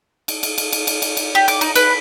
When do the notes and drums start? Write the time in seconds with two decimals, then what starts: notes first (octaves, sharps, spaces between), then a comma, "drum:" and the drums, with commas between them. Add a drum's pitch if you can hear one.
0.28 drum: cymbal
0.43 drum: cymbal
0.58 drum: cymbal
0.72 drum: cymbal
0.87 drum: cymbal
1.02 drum: cymbal
1.17 drum: cymbal
1.35 G4
1.48 D6, drum: cymbal
1.61 D#4, drum: cymbal
1.75 B4, drum: cymbal